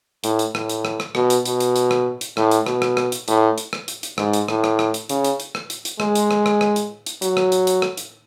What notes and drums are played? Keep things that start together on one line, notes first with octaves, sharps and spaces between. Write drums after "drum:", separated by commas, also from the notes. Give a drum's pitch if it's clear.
A2, drum: hi-hat
drum: hi-hat
A2, drum: rim click
drum: hi-hat
drum: rim click
drum: rim click
B2, drum: rim click
drum: hi-hat
B2, drum: hi-hat
drum: hi-hat
drum: hi-hat
drum: rim click
drum: hi-hat
A2, drum: rim click
drum: hi-hat
B2, drum: rim click
drum: rim click
drum: rim click
drum: hi-hat
A2, drum: hi-hat
drum: hi-hat
drum: rim click
drum: hi-hat
drum: hi-hat
G#2, drum: rim click
drum: hi-hat
A2, drum: rim click
drum: rim click
drum: rim click
drum: hi-hat
C#3, drum: hi-hat
drum: hi-hat
drum: hi-hat
drum: rim click
drum: hi-hat
drum: hi-hat
G#3, drum: rim click
drum: hi-hat
drum: rim click
drum: rim click
drum: rim click
drum: hi-hat
drum: hi-hat
F#3, drum: hi-hat
drum: rim click
drum: hi-hat
drum: hi-hat
drum: rim click
drum: hi-hat